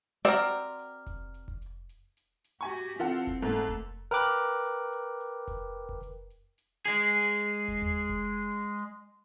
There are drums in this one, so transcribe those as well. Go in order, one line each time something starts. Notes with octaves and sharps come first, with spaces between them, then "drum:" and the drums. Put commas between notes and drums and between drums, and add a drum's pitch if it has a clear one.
C4 F#4 A#4 D5, drum: hi-hat
drum: hi-hat
drum: hi-hat
drum: kick F1, hi-hat
drum: hi-hat
drum: kick F1
drum: hi-hat
drum: hi-hat
drum: hi-hat
drum: hi-hat
F#4 G4 G#5 C#6
drum: hi-hat
E3 C4 F4 A4 F#5, drum: hi-hat
drum: kick F1, hi-hat
G#2 A3 A#3 A4
drum: hi-hat
drum: kick F1
A#4 B4 G5 D6 F#6, drum: hi-hat
drum: hi-hat
drum: hi-hat
drum: hi-hat
drum: hi-hat
drum: kick F1, hi-hat
drum: kick F1
drum: hi-hat
drum: hi-hat
drum: hi-hat
G#3 G#4, drum: hi-hat
drum: hi-hat
drum: hi-hat
drum: kick F1, hi-hat
drum: tom D#2
drum: kick F1
drum: hi-hat
drum: hi-hat
drum: hi-hat